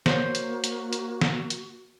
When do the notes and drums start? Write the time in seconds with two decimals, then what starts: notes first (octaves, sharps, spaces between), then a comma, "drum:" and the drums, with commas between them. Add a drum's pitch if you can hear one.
0.06 A#3 F#4 C5 C#5, drum: snare
0.35 drum: hi-hat
0.64 drum: hi-hat
0.93 drum: hi-hat
1.21 drum: snare
1.50 drum: hi-hat